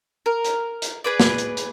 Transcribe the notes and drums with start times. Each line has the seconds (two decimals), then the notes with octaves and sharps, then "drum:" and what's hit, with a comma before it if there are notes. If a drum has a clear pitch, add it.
0.26 A#4
0.45 drum: hi-hat
0.82 drum: hi-hat
1.04 G#4 B4 D5
1.20 drum: snare
1.38 drum: hi-hat
1.57 drum: hi-hat